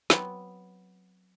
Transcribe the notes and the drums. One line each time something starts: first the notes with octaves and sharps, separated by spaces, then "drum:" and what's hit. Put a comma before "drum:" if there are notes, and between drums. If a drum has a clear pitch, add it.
F#3 B3 C4, drum: snare